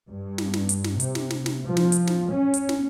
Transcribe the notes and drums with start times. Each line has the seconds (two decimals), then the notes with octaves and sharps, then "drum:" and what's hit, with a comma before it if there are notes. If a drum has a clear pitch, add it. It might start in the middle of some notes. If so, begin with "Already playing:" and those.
0.10 G2
0.38 drum: snare
0.54 drum: snare
0.69 drum: hi-hat
0.84 drum: snare
1.00 C3, drum: hi-hat
1.15 drum: snare
1.30 drum: snare
1.46 drum: snare
1.66 F3
1.77 drum: snare
1.92 drum: hi-hat
2.07 drum: snare
2.32 C#4
2.54 drum: hi-hat
2.69 drum: snare